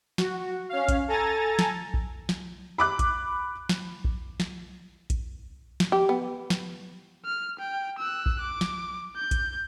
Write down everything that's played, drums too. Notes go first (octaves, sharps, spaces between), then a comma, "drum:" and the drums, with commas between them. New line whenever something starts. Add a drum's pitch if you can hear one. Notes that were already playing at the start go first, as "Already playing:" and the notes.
F#4, drum: snare
C#4 F5
drum: kick A#1, hi-hat
A4 G#5 A#5 A6
drum: snare
drum: kick A#1
drum: snare
B5 D6 F#6
drum: kick A#1, hi-hat
drum: snare
drum: kick A#1
drum: snare
drum: kick A#1, hi-hat
drum: snare
G4
B3
drum: snare
F6
G5
E6 F#6
drum: kick A#1
D6
drum: snare
G6
drum: kick A#1, hi-hat